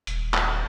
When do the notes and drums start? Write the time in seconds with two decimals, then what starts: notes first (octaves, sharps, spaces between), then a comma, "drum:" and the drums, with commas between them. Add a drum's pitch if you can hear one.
0.07 D#1, drum: hi-hat
0.34 drum: clap